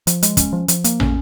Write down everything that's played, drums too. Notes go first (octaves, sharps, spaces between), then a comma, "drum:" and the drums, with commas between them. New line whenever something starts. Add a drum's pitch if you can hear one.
F3, drum: hi-hat
G#3, drum: hi-hat
C#4, drum: kick, hi-hat
F3
F3, drum: hi-hat
A#3, drum: hi-hat
C#4, drum: tom